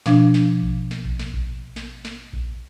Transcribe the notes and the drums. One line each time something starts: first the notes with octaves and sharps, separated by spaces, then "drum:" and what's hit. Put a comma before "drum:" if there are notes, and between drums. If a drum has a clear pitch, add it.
B2 F3 D4, drum: snare
drum: snare
drum: kick A#1
drum: snare
drum: kick A#1
drum: snare
drum: kick A#1
drum: snare
drum: snare
drum: kick A#1